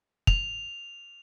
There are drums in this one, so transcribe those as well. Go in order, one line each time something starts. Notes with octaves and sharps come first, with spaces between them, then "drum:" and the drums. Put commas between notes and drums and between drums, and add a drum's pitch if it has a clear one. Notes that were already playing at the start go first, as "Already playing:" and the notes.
F7, drum: kick